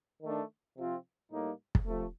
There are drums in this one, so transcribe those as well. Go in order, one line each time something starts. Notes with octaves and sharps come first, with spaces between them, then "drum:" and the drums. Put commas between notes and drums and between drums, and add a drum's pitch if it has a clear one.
D#3 A3 D4
C3 F3 C4 F4
A2 G3 A#3 D#4
drum: kick
C3 F3 A3